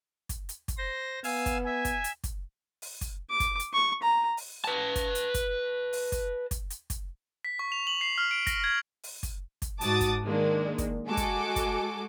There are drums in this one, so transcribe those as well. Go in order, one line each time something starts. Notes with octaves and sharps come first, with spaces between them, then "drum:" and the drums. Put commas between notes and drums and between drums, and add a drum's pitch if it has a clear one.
drum: kick, hi-hat
drum: hi-hat
drum: kick, hi-hat
C5 A#6
B3 F5 G#5 E6, drum: open hi-hat
drum: kick, hi-hat
E5 G#5
drum: kick, hi-hat
drum: hi-hat
drum: kick, hi-hat
drum: open hi-hat
drum: kick, hi-hat
D6
drum: kick, hi-hat
drum: hi-hat
C#6
A#5
drum: open hi-hat
B4 A5
drum: kick, hi-hat
drum: hi-hat
drum: kick, hi-hat
drum: open hi-hat
drum: kick, hi-hat
drum: kick, hi-hat
drum: hi-hat
drum: kick, hi-hat
B6
C#6
F7
F#7
C7
F6
D7
A#6, drum: kick, hi-hat
G#6
drum: open hi-hat
drum: kick, hi-hat
drum: kick, hi-hat
G#2 F#4 A5 D6 D#6 A6, drum: hi-hat
drum: kick, hi-hat
D#3 G#3 A#3 D4
drum: kick, hi-hat
G#3 F#4 A4 G#5 D6
drum: kick, hi-hat
drum: kick, hi-hat